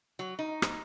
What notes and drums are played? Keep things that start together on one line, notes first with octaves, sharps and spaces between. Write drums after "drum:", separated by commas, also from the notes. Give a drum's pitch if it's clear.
F#3
D#4
drum: rim click